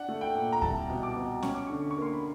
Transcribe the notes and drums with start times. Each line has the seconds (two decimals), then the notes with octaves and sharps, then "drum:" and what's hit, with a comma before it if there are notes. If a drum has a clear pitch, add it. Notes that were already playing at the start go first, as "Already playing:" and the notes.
Already playing: D4 F#5
0.09 A3
0.21 G5
0.35 A#2
0.52 A#5
0.62 C2 A5, drum: kick D#2
0.90 B2
1.03 D6
1.17 B2
1.43 C#4 C#6, drum: snare C#4
1.54 D6
1.67 D3 C#6
1.91 C#6
1.98 A#3 C6
2.13 B5